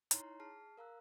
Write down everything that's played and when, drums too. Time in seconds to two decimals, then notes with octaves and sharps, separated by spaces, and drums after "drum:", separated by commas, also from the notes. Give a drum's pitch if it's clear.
0.11 D#4 E4 C#5 A#5 C6 C7, drum: hi-hat
0.40 G#4 A5 F6 C7
0.78 A#4 F5 A#5 E6 F#6